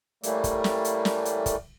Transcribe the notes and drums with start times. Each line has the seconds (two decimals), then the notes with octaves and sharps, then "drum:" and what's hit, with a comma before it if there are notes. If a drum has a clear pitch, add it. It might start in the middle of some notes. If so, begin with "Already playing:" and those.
0.23 A2 E3 G3 A3 A#3, drum: hi-hat
0.44 drum: kick, hi-hat
0.64 drum: snare
0.85 drum: hi-hat
1.05 drum: snare
1.25 drum: hi-hat
1.46 drum: kick, hi-hat